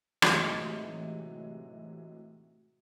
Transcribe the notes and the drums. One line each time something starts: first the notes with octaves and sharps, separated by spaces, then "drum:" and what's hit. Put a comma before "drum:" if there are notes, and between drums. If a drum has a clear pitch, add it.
A2 C3 E3 F#3 G#3 D#4, drum: rim click